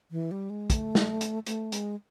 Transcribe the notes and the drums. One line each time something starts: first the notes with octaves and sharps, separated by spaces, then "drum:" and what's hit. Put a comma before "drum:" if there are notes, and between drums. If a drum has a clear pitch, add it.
E3
G3
G#3
A3, drum: kick, hi-hat
drum: snare
drum: hi-hat
A3, drum: hi-hat
G#3, drum: hi-hat